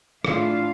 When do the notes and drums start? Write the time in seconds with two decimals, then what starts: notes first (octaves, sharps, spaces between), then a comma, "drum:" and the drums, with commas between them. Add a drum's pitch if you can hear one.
0.25 A2 E3 A3 D4 F4 F5, drum: rim click